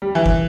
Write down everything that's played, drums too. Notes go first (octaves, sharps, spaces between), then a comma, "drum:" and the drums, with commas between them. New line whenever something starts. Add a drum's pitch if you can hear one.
G3
E3
drum: kick